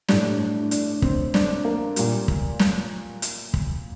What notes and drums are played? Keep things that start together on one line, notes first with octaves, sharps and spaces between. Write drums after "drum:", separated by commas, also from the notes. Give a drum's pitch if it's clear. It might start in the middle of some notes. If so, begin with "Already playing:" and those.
A2 G3 D4, drum: snare
D4
D4, drum: hi-hat
C4, drum: kick
D4, drum: snare
A#3
A#2 G3, drum: hi-hat
drum: kick
drum: snare
drum: hi-hat
drum: kick